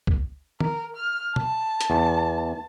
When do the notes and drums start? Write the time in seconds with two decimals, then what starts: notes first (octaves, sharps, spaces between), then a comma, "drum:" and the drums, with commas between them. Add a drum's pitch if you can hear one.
0.07 drum: kick
0.60 A#4, drum: tom
0.96 F6
1.36 A5, drum: tom
1.81 drum: hi-hat
1.90 E2